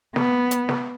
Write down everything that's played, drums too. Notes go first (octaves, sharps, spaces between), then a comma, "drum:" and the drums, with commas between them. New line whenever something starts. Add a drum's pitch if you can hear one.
B3, drum: snare
drum: hi-hat
drum: snare